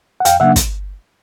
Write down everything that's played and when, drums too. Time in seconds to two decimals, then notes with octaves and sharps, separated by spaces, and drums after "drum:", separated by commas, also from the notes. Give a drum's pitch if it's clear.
0.20 F#5
0.25 F2 F5 G5, drum: hi-hat
0.40 C#3 F#3 A#3 D4 E5 F#5
0.56 drum: kick, hi-hat